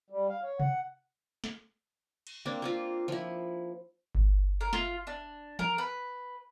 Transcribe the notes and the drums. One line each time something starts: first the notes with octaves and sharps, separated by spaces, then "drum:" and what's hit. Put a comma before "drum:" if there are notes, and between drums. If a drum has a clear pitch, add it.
G3
F5
C#5
F#5, drum: tom C3
drum: snare
drum: cymbal
A#3 C4 D4
A#3 C4 F4
F3 E4
drum: kick G1
A#4
F4, drum: snare
D4
A#4, drum: tom E3
B4